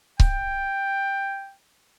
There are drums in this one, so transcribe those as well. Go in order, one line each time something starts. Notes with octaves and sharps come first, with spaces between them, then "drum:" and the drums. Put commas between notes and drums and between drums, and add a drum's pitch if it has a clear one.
G5, drum: kick C#1